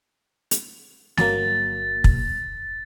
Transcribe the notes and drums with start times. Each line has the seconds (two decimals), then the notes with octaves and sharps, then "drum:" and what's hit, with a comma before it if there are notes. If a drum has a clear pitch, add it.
0.51 drum: hi-hat
1.17 G1 F#3 A#3 A6, drum: snare
2.04 drum: kick